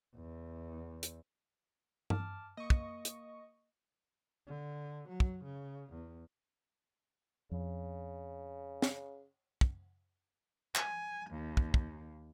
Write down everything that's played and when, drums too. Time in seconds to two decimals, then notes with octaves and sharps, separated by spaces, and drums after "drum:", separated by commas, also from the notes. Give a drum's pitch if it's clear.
0.16 E2
1.03 drum: hi-hat
2.10 A5 D6 F6, drum: tom G2
2.57 A#3 D#5 C#6
2.70 drum: kick
3.05 drum: hi-hat
4.46 D3
5.09 F#3
5.20 drum: kick
5.44 C#3
5.93 E2
7.51 F2 C#3
8.82 drum: snare
9.61 drum: kick
10.75 G#5, drum: clap
11.31 D#2
11.57 drum: kick
11.74 drum: kick